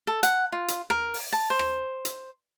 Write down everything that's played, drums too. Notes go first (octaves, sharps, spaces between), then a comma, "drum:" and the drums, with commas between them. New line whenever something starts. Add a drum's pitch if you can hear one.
A4
F#5, drum: hi-hat
F4
drum: hi-hat
A#4, drum: rim click
drum: open hi-hat
A5
C5
drum: rim click
drum: hi-hat